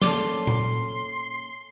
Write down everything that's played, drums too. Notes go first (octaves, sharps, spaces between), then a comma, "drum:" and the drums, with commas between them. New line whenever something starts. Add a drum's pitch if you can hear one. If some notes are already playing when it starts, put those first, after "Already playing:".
A#3 C#4 A4 D5 C6 D6 G7, drum: snare
drum: tom A#2